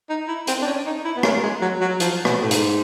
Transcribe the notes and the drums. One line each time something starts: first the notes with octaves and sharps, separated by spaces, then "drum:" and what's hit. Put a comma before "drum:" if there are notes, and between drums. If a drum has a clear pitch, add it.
D#4
E4
C4, drum: hi-hat
D4
C#4
D#4
E4
B3
A#3, drum: rim click
G#3
F#3
F#3
F3, drum: hi-hat
B2, drum: rim click
A2
G#2, drum: hi-hat